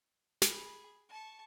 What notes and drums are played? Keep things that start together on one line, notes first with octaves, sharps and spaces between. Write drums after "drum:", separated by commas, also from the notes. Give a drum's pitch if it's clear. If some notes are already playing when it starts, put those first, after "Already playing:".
G#4 B5, drum: snare
A5 C#6